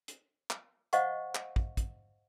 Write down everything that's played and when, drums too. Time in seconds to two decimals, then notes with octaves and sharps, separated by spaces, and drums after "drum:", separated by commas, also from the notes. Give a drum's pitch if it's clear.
0.08 drum: hi-hat
0.50 drum: clap
0.93 C5 D#5 F5 F#5 C#6, drum: hi-hat
1.35 drum: clap
1.56 drum: kick
1.77 drum: kick, hi-hat